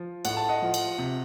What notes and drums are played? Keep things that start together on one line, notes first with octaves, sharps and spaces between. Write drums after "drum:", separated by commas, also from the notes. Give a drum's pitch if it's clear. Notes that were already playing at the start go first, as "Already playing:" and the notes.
Already playing: F3
A2 F#5, drum: cymbal
A5
D#5 F#5
F3
drum: cymbal
C3